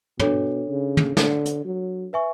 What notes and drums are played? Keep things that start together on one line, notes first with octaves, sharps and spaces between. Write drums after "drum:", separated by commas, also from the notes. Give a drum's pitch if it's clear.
B2 D4 A4 C#5, drum: tom
C#3
drum: tom
D3, drum: snare
drum: hi-hat
F#3
B4 E5 G#5 C#6